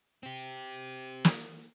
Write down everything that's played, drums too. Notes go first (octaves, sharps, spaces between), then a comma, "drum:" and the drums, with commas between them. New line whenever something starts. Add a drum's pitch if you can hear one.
C4 G4
drum: snare